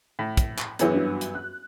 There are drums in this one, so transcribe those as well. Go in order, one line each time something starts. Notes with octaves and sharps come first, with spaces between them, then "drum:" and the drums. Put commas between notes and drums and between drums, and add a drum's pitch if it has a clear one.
A2
drum: kick, hi-hat
drum: clap
F#2 E3 B3 E4 G#4 C#5, drum: hi-hat
G2 F#4
drum: hi-hat
F#6